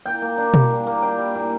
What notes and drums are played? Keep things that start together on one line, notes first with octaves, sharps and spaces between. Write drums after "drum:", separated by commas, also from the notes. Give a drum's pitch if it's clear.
A#2 G5
A#3
D4
G3, drum: tom B2
A#2
A#3
D4 G5
G3
A#2